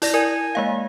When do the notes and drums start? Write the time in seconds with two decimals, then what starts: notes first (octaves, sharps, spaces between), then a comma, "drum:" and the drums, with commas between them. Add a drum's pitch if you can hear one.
0.02 E4 D5 A#6, drum: hi-hat
0.14 A#4 D5 G#5
0.55 G#3 A#3 F5